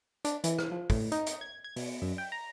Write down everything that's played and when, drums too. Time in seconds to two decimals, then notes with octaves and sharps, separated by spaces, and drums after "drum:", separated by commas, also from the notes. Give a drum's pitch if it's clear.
0.25 D4, drum: hi-hat
0.44 E3, drum: hi-hat
0.59 drum: rim click
0.72 F3
0.90 A2, drum: kick, open hi-hat
1.12 D#4, drum: hi-hat
1.27 drum: hi-hat
1.41 G#6
1.64 G#6
1.76 B2, drum: open hi-hat
2.02 F#2
2.18 G5
2.32 A#5